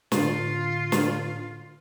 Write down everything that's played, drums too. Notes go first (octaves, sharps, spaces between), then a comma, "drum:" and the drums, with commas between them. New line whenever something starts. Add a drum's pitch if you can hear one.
A2 D3 F4, drum: snare
drum: snare